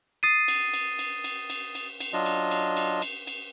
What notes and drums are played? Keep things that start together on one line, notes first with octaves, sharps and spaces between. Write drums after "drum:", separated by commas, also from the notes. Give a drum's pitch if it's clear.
D#6 A6 C7 D#7
drum: cymbal
drum: cymbal
drum: cymbal
drum: cymbal
drum: cymbal
drum: cymbal
drum: cymbal
F#3 D4 F4 D#5
drum: cymbal
drum: cymbal
drum: cymbal
drum: cymbal
drum: cymbal